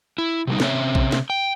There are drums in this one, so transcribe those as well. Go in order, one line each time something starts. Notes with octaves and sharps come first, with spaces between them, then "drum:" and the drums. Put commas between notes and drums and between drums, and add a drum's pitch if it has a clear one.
E4
C3 G3 D#4
C3 C4 C#4 G#4 C#5 E5, drum: snare
drum: kick A#1
drum: snare
G5